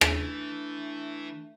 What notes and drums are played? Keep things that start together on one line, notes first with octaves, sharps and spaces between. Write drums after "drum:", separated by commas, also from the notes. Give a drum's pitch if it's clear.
E3 A3 D4, drum: rim click